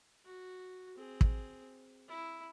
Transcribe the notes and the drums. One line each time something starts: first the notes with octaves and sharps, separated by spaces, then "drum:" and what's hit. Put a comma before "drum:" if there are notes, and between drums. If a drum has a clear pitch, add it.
F#4
C4 G#4
drum: kick
E4